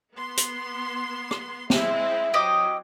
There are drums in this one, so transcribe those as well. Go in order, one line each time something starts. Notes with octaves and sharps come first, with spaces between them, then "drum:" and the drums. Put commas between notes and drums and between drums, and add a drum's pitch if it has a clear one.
B3 C6
drum: hi-hat
drum: rim click
G#3 C4 E4 E5, drum: snare
F#3 C4 G4 D#5